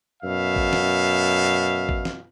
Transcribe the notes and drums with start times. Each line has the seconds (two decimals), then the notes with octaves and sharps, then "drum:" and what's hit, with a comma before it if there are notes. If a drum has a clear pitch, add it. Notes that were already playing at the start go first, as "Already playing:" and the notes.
0.23 F#2 B2 E5 F5
0.56 drum: kick G#1
0.73 drum: snare
1.89 drum: kick G#1
2.05 drum: snare